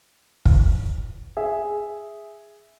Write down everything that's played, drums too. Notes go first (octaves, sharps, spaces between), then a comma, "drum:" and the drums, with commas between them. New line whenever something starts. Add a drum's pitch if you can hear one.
drum: kick
G#4 E5